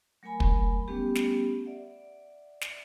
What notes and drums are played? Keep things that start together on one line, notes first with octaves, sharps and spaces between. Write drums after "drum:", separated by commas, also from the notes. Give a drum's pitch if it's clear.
F#3 A3 A#4 G#5 B5
drum: kick
G3 A3 B3 C#4 G4
drum: snare
D5 E5 F#5
drum: snare